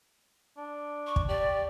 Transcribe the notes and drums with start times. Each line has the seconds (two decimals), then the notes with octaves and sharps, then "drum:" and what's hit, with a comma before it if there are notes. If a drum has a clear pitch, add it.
0.57 D4
1.07 C#6
1.16 drum: kick
1.29 G4 D5